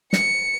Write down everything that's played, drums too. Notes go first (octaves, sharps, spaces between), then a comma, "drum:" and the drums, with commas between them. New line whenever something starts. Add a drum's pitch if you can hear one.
C#7, drum: snare